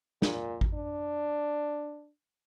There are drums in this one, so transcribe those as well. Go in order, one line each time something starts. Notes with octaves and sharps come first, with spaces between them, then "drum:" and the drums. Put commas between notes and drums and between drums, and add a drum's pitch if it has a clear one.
A#2, drum: snare
drum: kick G#1
D4